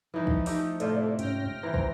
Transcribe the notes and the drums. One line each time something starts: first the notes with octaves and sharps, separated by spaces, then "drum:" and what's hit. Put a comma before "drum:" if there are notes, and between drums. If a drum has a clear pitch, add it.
E3 F3 D#4
drum: kick
A3 D#4 G4, drum: open hi-hat
A2 C3 F4 A4 C5 D5, drum: hi-hat
G#2 C#4 G5 F6 A#6, drum: hi-hat
E3 C5 A#5
drum: kick